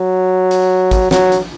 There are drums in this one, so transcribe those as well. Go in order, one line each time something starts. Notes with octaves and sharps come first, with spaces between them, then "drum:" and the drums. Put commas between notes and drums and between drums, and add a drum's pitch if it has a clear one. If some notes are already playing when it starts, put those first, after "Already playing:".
Already playing: F#3
drum: hi-hat
drum: kick G#1, hi-hat
F#3, drum: snare
drum: hi-hat